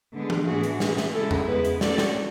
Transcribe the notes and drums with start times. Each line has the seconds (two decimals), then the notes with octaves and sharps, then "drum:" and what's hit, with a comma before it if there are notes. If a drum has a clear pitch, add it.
0.13 D3 G#3 B3 D4
0.30 drum: tom E3
0.47 A2 E3 B3 D4 F#4 G#4
0.63 drum: hi-hat
0.80 E3 A3 C#4 G#4, drum: snare
0.97 drum: snare
1.13 C#3 G#3 C#4 E4 A4
1.31 drum: tom E2
1.47 C#3 G#3 B3 E4 B4
1.64 drum: hi-hat
1.81 A3 C#4 F#4 A4 C#5 D5, drum: snare
1.98 drum: snare